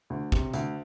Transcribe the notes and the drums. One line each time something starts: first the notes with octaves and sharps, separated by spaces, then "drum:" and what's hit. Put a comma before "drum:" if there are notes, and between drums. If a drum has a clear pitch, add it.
D2
C3, drum: kick
D2, drum: hi-hat